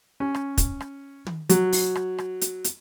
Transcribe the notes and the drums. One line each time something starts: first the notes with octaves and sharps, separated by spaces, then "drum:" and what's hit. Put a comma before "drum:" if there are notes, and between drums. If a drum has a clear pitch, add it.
C#4
drum: rim click
drum: kick, hi-hat
drum: rim click
drum: tom
F#3, drum: hi-hat
drum: open hi-hat
drum: rim click
drum: rim click
drum: hi-hat
drum: hi-hat